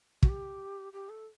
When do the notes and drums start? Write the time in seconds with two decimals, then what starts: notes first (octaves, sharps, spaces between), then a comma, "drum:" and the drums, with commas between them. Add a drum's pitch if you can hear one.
0.23 F#4, drum: kick
0.29 G4
0.93 G4
1.09 A4